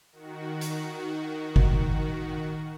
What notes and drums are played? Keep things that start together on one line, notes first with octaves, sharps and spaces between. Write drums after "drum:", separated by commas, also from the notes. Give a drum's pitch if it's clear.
D#3 F#4
drum: hi-hat
drum: kick G1